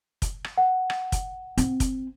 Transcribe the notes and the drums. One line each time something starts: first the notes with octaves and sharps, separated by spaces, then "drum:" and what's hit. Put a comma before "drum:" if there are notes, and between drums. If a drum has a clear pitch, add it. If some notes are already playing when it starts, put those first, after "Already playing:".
drum: kick, hi-hat
drum: rim click
F#5
drum: rim click
drum: kick, hi-hat
C4, drum: hi-hat
drum: kick, hi-hat